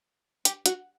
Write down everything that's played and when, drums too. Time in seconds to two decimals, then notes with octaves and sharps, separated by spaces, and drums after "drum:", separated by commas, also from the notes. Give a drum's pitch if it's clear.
0.45 G4, drum: hi-hat
0.66 F#4, drum: hi-hat